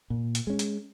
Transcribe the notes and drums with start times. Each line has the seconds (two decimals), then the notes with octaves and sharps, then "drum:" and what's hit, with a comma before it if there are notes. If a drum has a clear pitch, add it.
0.10 A#2
0.35 drum: hi-hat
0.47 G#3 C#4
0.59 drum: hi-hat